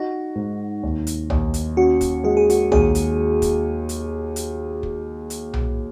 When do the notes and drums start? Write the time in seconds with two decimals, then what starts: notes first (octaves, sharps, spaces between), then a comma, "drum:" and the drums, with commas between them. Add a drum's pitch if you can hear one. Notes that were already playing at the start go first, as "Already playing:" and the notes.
Already playing: D#4 F#4
0.35 G#2
0.83 D#2
1.07 drum: hi-hat
1.30 D#2, drum: tom B1
1.54 drum: hi-hat
1.77 C#4 F#4
2.01 drum: kick, hi-hat
2.24 G#3 F#4
2.37 G#4
2.50 F#4, drum: hi-hat
2.72 D#2 G#4, drum: tom B1
2.95 drum: hi-hat
3.42 drum: kick, hi-hat
3.89 drum: hi-hat
4.36 drum: hi-hat
4.83 drum: kick
5.30 drum: hi-hat
5.54 drum: tom B1